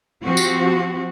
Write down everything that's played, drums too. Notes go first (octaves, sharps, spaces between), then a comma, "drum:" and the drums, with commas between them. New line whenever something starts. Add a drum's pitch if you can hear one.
F3 C4 F#4 G4
drum: tambourine